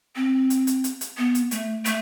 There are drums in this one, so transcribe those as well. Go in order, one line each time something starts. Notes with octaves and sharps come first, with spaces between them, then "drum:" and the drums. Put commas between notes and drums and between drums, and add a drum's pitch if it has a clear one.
C4
drum: hi-hat
drum: hi-hat
drum: hi-hat
drum: hi-hat
B3
drum: hi-hat
A3, drum: hi-hat
A3, drum: hi-hat